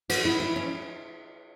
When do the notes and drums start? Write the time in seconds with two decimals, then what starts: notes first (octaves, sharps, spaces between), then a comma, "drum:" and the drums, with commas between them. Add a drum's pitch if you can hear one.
0.09 F#4, drum: cymbal
0.25 E4
0.40 E4
0.56 C#4